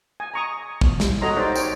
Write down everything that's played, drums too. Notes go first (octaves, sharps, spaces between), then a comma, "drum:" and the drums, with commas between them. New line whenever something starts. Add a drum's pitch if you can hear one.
G#5
A#5 C#6 D#6
drum: kick
drum: snare
F#4 A4 C#5 D#5 A#5 C6
D#4 G4 C5 D5
C#5 G5, drum: tambourine